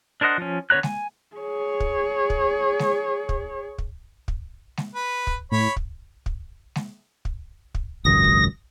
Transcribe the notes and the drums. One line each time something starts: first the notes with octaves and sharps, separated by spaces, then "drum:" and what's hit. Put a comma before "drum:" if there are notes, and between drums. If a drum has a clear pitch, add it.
D4 A#4 C5 D#5 F#5
F3 C#4
D3 B3 C#5 A#5 F#6
G#5, drum: snare
G#4 C#5
drum: kick
drum: kick
drum: snare
drum: kick
drum: kick
drum: kick
drum: snare
B4
drum: kick
A2 C#5 B5
drum: kick
drum: kick
drum: snare
drum: kick
drum: kick
G#1 C#2 F#2 D#6 A#6
drum: kick